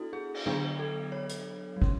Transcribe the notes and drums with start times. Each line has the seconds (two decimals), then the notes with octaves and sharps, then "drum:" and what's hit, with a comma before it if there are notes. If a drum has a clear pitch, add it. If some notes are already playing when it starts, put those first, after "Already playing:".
Already playing: B3 D4 E4 F#4 A4
0.13 G#4
0.34 drum: cymbal
0.46 D3 F#3 B3 D4 G#4
0.79 A4
1.12 C#5
1.29 drum: hi-hat
1.77 F#3
1.82 C#4, drum: kick